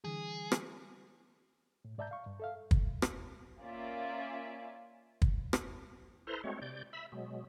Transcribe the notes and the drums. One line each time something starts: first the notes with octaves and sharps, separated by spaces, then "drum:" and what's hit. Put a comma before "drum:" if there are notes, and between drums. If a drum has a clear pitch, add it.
D3 E3 G3 G#4
drum: rim click
A2
G#2 D5 E5 A5 A#5 G6
F5 C#6
G2
A4 E5 F5
drum: kick
drum: rim click
A#3 C#4 F4 D5 E5
drum: kick
drum: rim click
E4 A4 B4 C5 A#5 C6
G#3 A3 C4 F#4 C#5
C3 D5 G6
E5 B5 E6
B2 F#3 G#3